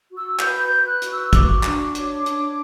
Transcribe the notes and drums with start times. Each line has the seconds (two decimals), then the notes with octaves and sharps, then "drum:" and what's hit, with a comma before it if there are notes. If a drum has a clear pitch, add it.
0.09 F#4
0.17 E6
0.39 B4 G6, drum: clap
0.63 G6
0.71 B4
0.86 F#6
1.02 F#4, drum: hi-hat
1.10 E6
1.33 F#4 D6, drum: kick, hi-hat
1.63 D4, drum: clap
1.95 C#5, drum: hi-hat
2.26 D4, drum: hi-hat